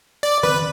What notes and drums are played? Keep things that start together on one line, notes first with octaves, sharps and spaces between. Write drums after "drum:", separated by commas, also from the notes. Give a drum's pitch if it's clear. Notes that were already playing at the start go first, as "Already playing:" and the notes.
D5
B4, drum: tom D#3